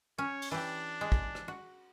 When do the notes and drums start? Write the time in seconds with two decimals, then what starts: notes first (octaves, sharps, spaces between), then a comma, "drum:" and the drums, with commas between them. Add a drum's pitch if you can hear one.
0.18 C#4 C#5
0.42 drum: cymbal
0.51 E3 D4 G4
1.01 G#3
1.12 drum: kick
1.35 drum: rim click
1.48 F#4